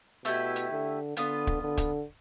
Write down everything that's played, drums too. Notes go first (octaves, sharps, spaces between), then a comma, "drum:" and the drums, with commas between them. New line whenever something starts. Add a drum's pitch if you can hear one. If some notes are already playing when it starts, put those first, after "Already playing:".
B2 A3 E4 G4 B4, drum: hi-hat
drum: hi-hat
D3
D3 B3 F4 B4, drum: hi-hat
drum: kick
D3
drum: kick, hi-hat